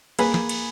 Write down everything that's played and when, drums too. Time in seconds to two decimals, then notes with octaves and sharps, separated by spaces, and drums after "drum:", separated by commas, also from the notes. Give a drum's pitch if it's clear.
0.19 A#3 G#4 B4, drum: cymbal
0.34 drum: snare
0.49 drum: cymbal